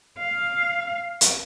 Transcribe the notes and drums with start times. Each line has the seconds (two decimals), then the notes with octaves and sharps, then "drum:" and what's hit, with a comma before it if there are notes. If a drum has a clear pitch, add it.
0.19 F5
1.21 drum: hi-hat